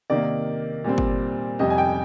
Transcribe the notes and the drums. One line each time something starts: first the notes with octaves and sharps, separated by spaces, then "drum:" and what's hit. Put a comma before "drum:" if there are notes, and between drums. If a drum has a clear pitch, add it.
C3 D#3 A#3 D5
A#2 G3 C4
drum: kick G1
F2 C3 G3 D#5
G#5
G5